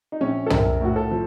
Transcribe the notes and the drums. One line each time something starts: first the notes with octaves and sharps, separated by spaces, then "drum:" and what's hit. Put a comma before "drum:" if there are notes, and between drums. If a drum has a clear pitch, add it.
D#4
A#1 C#4
A4
A#1 A#4, drum: tom
A2 F#4
A4
F3